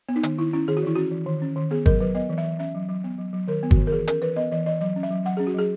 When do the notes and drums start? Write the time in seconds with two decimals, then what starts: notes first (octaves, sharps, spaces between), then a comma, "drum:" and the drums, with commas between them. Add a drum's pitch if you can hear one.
0.09 B3
0.16 D#4
0.23 D#3, drum: hi-hat
0.38 D#3 E4
0.53 C#4 E4
0.68 D#3 G#4
0.77 F#4
0.83 E3 E4
0.96 C#4 F#4
1.11 E3
1.26 D#3
1.42 C#4
1.56 D#3
1.71 B3 G#4
1.86 F#3 A#4, drum: kick G1
2.00 F#3 B4
2.15 B3 D#5
2.30 E3
2.38 E5
2.44 E3
2.59 C#4 E5
2.75 F#3
2.89 F#3
3.04 B3
3.18 F#3
3.33 F#3
3.48 D#3 A#4
3.63 B3
3.71 F#4, drum: kick G1
3.77 D#3
3.87 A#4
3.92 E3 G#4
4.07 C#4 A#4, drum: hi-hat
4.22 E3 B4
4.36 B3 D#5
4.52 E3 D#5
4.66 E3 D#5
4.81 F#3 D#5
4.96 C#4
5.03 E5
5.10 F#3
5.25 F#3 F#5
5.37 C#4 G#4
5.47 F#4
5.54 F#3 G#4